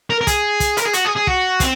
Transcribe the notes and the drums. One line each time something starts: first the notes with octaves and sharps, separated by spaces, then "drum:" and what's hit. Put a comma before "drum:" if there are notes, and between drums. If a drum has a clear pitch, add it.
A#4
A#4
G#4, drum: kick, hi-hat
drum: kick, hi-hat
A#4, drum: hi-hat
G#4
F#4, drum: hi-hat
G#4
G#4
F#4, drum: kick
C4, drum: kick, hi-hat